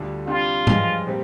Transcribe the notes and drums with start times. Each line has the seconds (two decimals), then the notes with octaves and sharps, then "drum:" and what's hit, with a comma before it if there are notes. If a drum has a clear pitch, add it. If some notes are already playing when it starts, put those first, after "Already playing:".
Already playing: D2 D3 G3 D4 F4
0.27 C3 G3 D4 F4
0.67 G2 F3 G#3, drum: tom G#2
1.07 A#2 G3 C4 G4